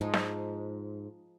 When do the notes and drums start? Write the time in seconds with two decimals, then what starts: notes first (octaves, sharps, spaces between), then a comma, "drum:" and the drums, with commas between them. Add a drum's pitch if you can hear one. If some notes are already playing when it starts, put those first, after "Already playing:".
0.01 G#2 F3 G#3 D#4
0.14 drum: snare